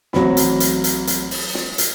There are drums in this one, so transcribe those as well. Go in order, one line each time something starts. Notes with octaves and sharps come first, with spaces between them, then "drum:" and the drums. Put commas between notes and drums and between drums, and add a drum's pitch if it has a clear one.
A1 F#3 C4 B5, drum: snare
drum: hi-hat
drum: hi-hat
drum: hi-hat
drum: hi-hat
drum: open hi-hat
drum: snare
drum: hi-hat